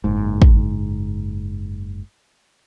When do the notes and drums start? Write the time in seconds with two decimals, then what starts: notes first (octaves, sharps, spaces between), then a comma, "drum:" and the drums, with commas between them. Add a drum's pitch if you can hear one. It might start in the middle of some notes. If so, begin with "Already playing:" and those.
0.04 F#1 G#2
0.42 drum: kick